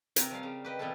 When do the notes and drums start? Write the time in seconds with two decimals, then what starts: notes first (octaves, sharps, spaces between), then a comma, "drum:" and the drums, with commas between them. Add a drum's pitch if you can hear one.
0.16 C3 A#4 A#5, drum: hi-hat
0.31 F3 G3 C#5 F5
0.43 C#3 G3
0.65 G4 B4 D#5
0.79 B2 E3 B3 C4 F4 A4